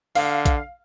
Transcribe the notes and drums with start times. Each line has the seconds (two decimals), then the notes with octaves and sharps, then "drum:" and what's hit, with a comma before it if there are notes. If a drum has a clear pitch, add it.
0.15 D3 F5, drum: open hi-hat
0.46 drum: kick A#1, hi-hat